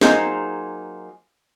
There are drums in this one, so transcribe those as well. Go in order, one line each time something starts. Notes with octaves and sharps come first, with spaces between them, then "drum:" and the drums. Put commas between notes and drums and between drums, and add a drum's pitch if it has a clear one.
F#3 A#3 D#4 F4 G#4 C5, drum: snare